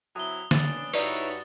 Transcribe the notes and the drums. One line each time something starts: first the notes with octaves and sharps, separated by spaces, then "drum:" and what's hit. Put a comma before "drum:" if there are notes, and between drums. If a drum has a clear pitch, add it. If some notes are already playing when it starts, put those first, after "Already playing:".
F#3 C4 E4 A5 D#6 G7
B3 C#4 D4 A6, drum: snare
G2 D#4 E4 F#4 B4 C#5 D5, drum: open hi-hat